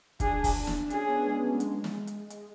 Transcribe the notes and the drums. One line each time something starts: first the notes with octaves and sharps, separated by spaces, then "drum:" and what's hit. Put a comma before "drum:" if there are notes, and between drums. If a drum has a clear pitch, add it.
D4 G#4, drum: kick, hi-hat
drum: kick, open hi-hat
drum: snare
D4
C#4 G#4, drum: hi-hat
B3
G#3
F#3
A3
G#3, drum: hi-hat
drum: snare
drum: hi-hat
G#3, drum: hi-hat